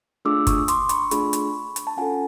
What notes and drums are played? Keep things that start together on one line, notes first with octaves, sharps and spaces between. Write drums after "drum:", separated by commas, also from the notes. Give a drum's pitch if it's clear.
A3 D4 F4 G#4 D6 E6
C#6 D#6, drum: kick F#1, hi-hat
C6 D6, drum: hi-hat
B5 C#6, drum: hi-hat
A3 D4 F4 G#4 B5 C#6, drum: hi-hat
drum: hi-hat
drum: hi-hat
A5
C#4 F4 A4 F#5 G#5